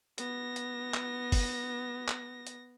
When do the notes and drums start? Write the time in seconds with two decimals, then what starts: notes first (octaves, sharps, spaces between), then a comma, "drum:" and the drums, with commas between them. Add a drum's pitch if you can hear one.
0.18 B3 A#6, drum: hi-hat
0.56 drum: hi-hat
0.94 drum: clap
1.32 drum: kick G1, open hi-hat
2.08 drum: clap
2.47 drum: hi-hat